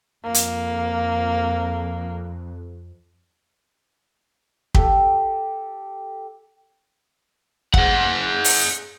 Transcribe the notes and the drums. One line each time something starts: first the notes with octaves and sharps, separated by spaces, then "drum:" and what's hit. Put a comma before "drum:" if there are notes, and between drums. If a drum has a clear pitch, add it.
F2 A#3
drum: hi-hat
G4 A4 G5, drum: kick
G#4 F#5, drum: kick
drum: open hi-hat